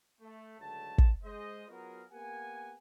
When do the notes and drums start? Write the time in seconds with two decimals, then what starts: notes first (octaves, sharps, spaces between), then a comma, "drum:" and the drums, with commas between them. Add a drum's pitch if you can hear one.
0.21 A3
0.59 C#2 D3 F#3 A3 A5
0.98 drum: kick
1.24 G#3 C5 D#5
1.68 F#3 B3 F4 F#4 G#4 A#4
2.11 A#3 B3 G4 A#4 F#5 G#5